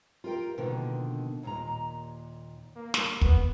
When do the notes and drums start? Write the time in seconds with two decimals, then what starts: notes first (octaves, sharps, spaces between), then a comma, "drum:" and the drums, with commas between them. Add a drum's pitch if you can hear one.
0.24 F4 G4 A#4 G5
0.58 B2 D3 D#3 F3 A#3
1.43 D#2 A#2 A#5
2.76 A#3
2.94 drum: snare
3.21 B3, drum: kick